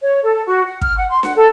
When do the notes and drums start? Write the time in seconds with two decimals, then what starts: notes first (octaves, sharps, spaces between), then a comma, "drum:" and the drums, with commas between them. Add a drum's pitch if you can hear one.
0.02 C#5
0.23 A4
0.46 F#4
0.65 F#5
0.81 F6, drum: kick
0.97 F#5
1.09 C6
1.23 F#5, drum: snare D4
1.36 A4